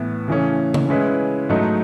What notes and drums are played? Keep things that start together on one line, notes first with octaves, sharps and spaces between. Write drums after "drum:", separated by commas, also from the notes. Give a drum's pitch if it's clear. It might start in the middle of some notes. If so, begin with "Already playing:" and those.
Already playing: A2 E3 B3
C#3 E3 A3 C#4
drum: tom C#3
C#3 G#3 C#4 E4 B4
G#2 F#3 A3 D#4